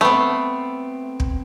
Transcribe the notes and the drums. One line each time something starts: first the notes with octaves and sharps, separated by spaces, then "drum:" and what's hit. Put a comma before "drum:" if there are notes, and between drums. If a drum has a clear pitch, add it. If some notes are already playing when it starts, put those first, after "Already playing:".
A3 B3 C4
drum: kick